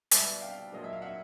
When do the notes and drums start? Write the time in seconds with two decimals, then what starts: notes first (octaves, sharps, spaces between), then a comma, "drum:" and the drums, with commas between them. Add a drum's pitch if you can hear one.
0.11 B2 G3 B3 D5 E5, drum: hi-hat
0.41 F5 G5
0.71 A#2 F#3 A#3 D4 D#5
0.84 E5
0.93 F5
1.02 E5 F#5